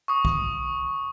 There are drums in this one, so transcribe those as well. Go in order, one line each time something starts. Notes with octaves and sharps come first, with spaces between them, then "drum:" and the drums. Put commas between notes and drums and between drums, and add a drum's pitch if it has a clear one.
C#6 D#6
drum: kick B1